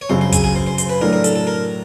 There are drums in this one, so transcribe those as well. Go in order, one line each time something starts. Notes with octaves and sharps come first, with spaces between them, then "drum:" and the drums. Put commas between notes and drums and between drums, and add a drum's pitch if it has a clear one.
C#5
F#2 C#3 F#3 C5
C5
G#4, drum: kick, hi-hat
G#4
C5
C5
C5, drum: hi-hat
B4
A2 F#3 A3 D4 A#4
A#4
A4, drum: hi-hat
A4
A#4